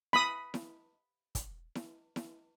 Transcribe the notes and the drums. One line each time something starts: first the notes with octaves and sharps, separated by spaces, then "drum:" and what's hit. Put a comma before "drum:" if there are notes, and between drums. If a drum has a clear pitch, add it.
B5 D#6, drum: snare E4
drum: snare E4
drum: kick, hi-hat
drum: snare E4
drum: snare E4